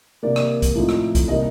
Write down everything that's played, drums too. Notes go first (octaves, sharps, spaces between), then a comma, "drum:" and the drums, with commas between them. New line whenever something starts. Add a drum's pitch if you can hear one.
C3 D#3 A#3 D5
drum: rim click
drum: kick, hi-hat
A2 F3 C4 D#4
drum: rim click
drum: kick, hi-hat
C3 G3 A#3 D#4 D#5